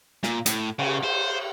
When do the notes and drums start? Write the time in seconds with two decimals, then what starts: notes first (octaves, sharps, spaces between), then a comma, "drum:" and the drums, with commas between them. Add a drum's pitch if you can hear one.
0.23 A#2, drum: snare
0.46 A2, drum: hi-hat
0.79 C#3, drum: cymbal
1.04 C5